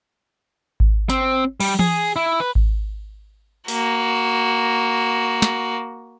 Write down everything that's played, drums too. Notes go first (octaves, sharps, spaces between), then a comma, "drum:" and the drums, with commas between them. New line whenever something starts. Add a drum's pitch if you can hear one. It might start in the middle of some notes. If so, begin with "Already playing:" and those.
drum: kick G#1
C4, drum: hi-hat
G3, drum: cymbal
G#4, drum: tom E3
E4
B4
drum: kick G#1
A#3 F#4, drum: open hi-hat
drum: snare